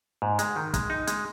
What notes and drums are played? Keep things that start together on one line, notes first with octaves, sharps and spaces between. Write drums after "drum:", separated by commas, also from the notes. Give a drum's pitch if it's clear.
G#2
G#3, drum: hi-hat
D#3
G#3, drum: kick, hi-hat
D#4
G#3, drum: hi-hat